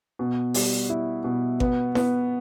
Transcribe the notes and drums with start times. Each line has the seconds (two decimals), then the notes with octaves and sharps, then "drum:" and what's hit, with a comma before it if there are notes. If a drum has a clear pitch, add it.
0.19 B2
0.54 G3, drum: open hi-hat
0.89 E4
1.24 B2
1.60 B3, drum: kick G#1
1.95 B3, drum: snare E4